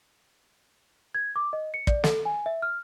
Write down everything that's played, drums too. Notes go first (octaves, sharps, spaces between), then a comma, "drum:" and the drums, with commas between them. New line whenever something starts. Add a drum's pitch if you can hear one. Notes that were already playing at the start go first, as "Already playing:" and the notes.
G#6
D6
D#5
C#7
D5, drum: kick
A4, drum: snare
G#5
E5
F6